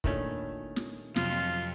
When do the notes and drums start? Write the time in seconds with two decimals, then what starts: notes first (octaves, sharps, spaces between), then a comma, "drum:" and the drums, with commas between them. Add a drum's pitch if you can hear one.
0.04 A#2 D#3 A3 C#4 D4 E4, drum: kick
0.76 drum: snare
1.16 F2 C3 F#3 F4, drum: snare